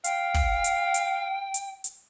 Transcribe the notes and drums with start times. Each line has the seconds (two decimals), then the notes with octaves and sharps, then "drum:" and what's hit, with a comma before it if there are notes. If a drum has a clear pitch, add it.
0.04 F5 G5, drum: hi-hat
0.34 drum: kick, open hi-hat
0.64 drum: hi-hat
0.94 drum: hi-hat
1.54 drum: hi-hat
1.84 drum: hi-hat